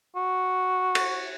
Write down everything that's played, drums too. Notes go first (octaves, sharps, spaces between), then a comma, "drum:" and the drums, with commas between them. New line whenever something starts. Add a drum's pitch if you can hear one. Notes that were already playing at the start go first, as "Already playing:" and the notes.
F#4
drum: cymbal